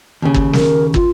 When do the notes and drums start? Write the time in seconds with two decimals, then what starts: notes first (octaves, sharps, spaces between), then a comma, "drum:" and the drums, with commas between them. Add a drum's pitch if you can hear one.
0.22 D#2 C#3
0.34 drum: kick
0.53 A#4, drum: snare
0.94 F4, drum: kick